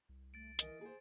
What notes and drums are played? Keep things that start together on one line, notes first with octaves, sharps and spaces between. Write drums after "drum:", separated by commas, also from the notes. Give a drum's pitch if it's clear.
C2
A3 A6 D7
E3 A#4 D#5, drum: hi-hat
A#3 G#4 C5